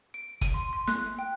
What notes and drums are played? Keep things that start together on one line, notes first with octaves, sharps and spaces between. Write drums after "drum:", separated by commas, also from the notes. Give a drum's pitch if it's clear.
D7
D#7, drum: kick, hi-hat
C6
C6
F#6, drum: snare
G5